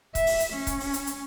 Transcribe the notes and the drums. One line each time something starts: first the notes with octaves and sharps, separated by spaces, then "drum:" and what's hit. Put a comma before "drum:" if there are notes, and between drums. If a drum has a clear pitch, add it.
E5, drum: kick C#1, hi-hat
drum: open hi-hat
drum: hi-hat
C#4
drum: kick C#1, hi-hat
drum: open hi-hat
drum: hi-hat
drum: hi-hat